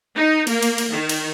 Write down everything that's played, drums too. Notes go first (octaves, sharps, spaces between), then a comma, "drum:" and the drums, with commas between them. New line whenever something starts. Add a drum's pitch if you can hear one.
D#4
A#3, drum: cymbal
drum: cymbal
drum: cymbal
D#3
drum: cymbal